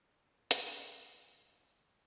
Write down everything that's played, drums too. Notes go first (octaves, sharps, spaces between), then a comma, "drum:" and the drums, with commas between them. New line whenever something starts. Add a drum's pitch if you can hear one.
G3
F#3, drum: hi-hat
F#3
F3